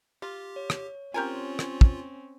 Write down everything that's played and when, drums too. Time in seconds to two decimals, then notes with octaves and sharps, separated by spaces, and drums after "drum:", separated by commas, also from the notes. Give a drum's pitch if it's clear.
0.22 F4 G4
0.56 C#5
0.70 drum: rim click
1.14 C4 C#4 F4 G4 A#4 G#5
1.59 drum: rim click
1.81 drum: kick